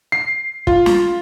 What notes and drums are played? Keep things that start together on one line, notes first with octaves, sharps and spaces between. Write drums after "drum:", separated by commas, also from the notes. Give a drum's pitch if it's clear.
C7
F4, drum: kick
drum: snare